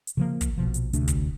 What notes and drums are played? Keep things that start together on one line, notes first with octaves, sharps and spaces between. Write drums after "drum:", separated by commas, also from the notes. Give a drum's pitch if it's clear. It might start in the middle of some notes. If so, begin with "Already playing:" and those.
drum: hi-hat
C#3 F3 A#3
drum: kick, hi-hat
A#1 B2 F3
drum: hi-hat
D2 C3 A3 D4, drum: hi-hat
drum: kick, hi-hat